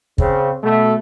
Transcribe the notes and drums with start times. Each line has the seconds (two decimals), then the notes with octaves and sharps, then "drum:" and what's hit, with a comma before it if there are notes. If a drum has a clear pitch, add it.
0.18 C#3 C4, drum: kick
0.61 B2 A3